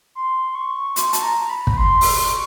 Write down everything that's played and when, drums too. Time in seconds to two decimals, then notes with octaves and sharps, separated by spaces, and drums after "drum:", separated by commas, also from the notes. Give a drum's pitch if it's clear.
0.15 C6
0.55 C#6
0.96 C6, drum: hi-hat
1.13 A5, drum: hi-hat
1.23 A#5
1.43 A#5
1.50 B5
1.67 drum: kick
1.77 C6
2.01 drum: open hi-hat
2.17 C#6